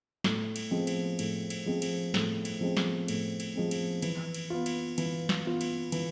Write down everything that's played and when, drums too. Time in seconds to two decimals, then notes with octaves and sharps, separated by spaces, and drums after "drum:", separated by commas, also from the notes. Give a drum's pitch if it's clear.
0.24 A2, drum: snare
0.56 drum: cymbal
0.71 F3 G#3 C4
0.87 drum: cymbal
1.19 A2, drum: cymbal
1.50 drum: cymbal
1.66 F3 G#3 C4
1.82 drum: cymbal
2.14 A2, drum: snare
2.45 drum: cymbal
2.61 F3 G#3 C4
2.77 drum: snare
3.08 A2, drum: cymbal
3.40 drum: cymbal
3.55 F3 G#3 C4
3.71 drum: cymbal
4.02 E3, drum: cymbal
4.34 drum: cymbal
4.50 B3 F4
4.66 drum: cymbal
4.98 E3, drum: cymbal
5.29 drum: snare
5.45 B3 F4
5.61 drum: cymbal
5.92 E3, drum: cymbal